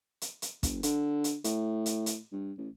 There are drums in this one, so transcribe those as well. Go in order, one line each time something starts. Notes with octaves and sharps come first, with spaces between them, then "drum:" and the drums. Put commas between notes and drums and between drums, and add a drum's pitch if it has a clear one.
drum: hi-hat
drum: hi-hat
F#1, drum: kick, hi-hat
D3, drum: hi-hat
drum: hi-hat
A2, drum: hi-hat
drum: hi-hat
drum: hi-hat
G2
A1